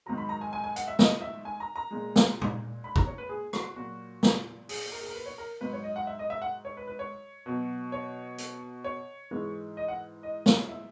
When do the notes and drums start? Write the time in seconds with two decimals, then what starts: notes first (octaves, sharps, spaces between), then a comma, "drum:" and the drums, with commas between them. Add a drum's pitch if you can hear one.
0.06 G#2 D#3 F#3 A#5
0.18 B5
0.29 A#5
0.41 G#5
0.53 G#5
0.64 G#5
0.76 F#5, drum: hi-hat
0.88 E5
0.99 D#5, drum: snare
1.22 E5
1.45 G#5
1.60 A#5
1.76 A#5
1.91 A#2 G#3
2.16 drum: snare
2.41 drum: tom
2.84 B5
2.96 A#5, drum: kick
3.07 C#5
3.18 B4
3.29 G#4
3.53 F#4, drum: rim click
3.76 A#2 F#3 F#4
4.23 drum: snare
4.69 G#4, drum: open hi-hat
4.92 A#4
4.99 G#4
5.07 A#4
5.15 B4
5.26 C#5
5.38 A#4
5.61 G#2 F#3 B4
5.73 C#5
5.84 D#5
5.96 F#5
6.07 E5
6.19 D#5
6.30 E5
6.42 F#5
6.65 C#5
6.77 B4
6.87 B4
6.99 C#5
7.46 B2 F#3
7.92 C#5
8.38 drum: hi-hat
8.84 C#5
9.31 G#2 E3 G#3
9.77 D#5
9.88 F#5
10.23 D#5
10.46 C#5, drum: snare
10.69 E5